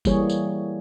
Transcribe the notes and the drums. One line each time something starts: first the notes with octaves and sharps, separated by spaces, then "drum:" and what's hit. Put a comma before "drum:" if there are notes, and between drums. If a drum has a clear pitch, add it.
E3 G3 A#3 G#4 C#5, drum: kick, tambourine
drum: tambourine